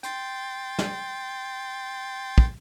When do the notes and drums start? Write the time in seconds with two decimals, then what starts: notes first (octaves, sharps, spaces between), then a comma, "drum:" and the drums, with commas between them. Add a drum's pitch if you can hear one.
0.03 G5 C6 A6, drum: hi-hat
0.79 drum: snare
2.38 drum: kick